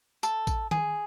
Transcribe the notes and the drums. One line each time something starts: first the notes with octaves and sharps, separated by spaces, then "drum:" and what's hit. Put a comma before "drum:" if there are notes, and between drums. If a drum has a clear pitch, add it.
A4, drum: tambourine
drum: kick A1, tambourine
G#4, drum: tom D#3